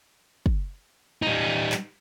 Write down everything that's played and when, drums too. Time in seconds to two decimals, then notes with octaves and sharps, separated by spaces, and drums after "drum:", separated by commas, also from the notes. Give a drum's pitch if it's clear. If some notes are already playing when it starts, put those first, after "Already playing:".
0.46 drum: kick
1.22 G3 D#4
1.72 drum: clap